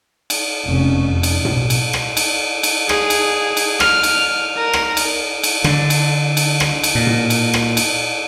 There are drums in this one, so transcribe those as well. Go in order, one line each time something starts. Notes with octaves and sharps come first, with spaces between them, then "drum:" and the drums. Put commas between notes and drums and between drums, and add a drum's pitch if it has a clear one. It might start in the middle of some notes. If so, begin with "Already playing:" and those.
drum: cymbal
F1 C3 C#4
F2
drum: cymbal
B1, drum: tom A2
drum: cymbal
drum: rim click
drum: cymbal
drum: cymbal
G#4, drum: rim click
drum: cymbal
drum: cymbal
F6, drum: rim click
drum: cymbal
A#4
drum: rim click
drum: cymbal
drum: cymbal
D3, drum: rim click
drum: cymbal
drum: cymbal
drum: rim click
drum: cymbal
A#2
drum: tom A2
drum: cymbal
drum: rim click
drum: cymbal